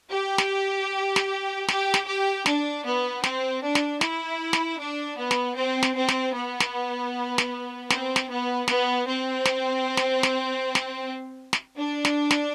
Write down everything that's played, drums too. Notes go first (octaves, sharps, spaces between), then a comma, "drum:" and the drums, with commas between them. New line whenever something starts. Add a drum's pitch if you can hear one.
G4
drum: snare
drum: snare
G4, drum: snare
drum: snare
G4
D4, drum: snare
B3
C4, drum: snare
D4
drum: snare
E4, drum: snare
drum: snare
D4
B3
drum: snare
C4
drum: snare
C4
drum: snare
B3
drum: snare
drum: snare
C4, drum: snare
drum: snare
B3
B3, drum: snare
C4
drum: snare
drum: snare
drum: snare
drum: snare
drum: snare
D4
drum: snare
drum: snare